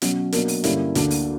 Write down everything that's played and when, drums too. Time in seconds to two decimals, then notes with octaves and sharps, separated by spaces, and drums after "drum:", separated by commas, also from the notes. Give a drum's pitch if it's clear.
0.02 B2 F#3 C#4 F#4, drum: hi-hat
0.32 B2 F#3 A#3 D4 A#4, drum: hi-hat
0.48 drum: open hi-hat
0.64 G2 D3 A#3 C#4 E4, drum: hi-hat
0.95 D2 D3 A#3 D4, drum: hi-hat
1.11 drum: open hi-hat